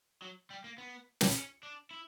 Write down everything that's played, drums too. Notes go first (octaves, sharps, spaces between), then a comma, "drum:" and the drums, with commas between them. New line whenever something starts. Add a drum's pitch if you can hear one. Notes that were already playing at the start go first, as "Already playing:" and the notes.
F#3
G3
A#3
B3
drum: snare
B3
C#4
D4
E4